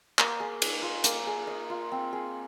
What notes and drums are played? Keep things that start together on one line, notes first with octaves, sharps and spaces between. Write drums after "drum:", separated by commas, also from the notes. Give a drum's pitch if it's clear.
A#3, drum: clap
G#4
D#5, drum: cymbal
F4
A#3, drum: hi-hat
G#4
D#5
F4
C4
G#4